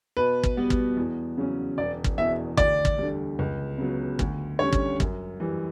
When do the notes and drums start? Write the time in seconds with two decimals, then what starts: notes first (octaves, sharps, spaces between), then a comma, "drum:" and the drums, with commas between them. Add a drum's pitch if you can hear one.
0.17 B2 B4
0.43 drum: kick
0.57 G3 B3 F#4
0.70 drum: kick
0.97 E2
1.38 C#3 F#3 C#4
1.78 E1 D5
2.04 drum: kick
2.18 E2 B2 E5
2.57 D2 D5, drum: kick
2.85 drum: kick
2.98 D3 G3
3.39 C#2
3.78 C#3 F#3 B3
4.19 D2, drum: kick
4.59 D3 G3 C#4 C#5
4.73 drum: kick
5.00 F#2, drum: kick
5.40 E3 G3